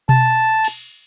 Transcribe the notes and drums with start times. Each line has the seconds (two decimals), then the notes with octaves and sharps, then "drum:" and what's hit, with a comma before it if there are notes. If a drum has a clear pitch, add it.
0.09 A5, drum: tom B2
0.64 drum: cymbal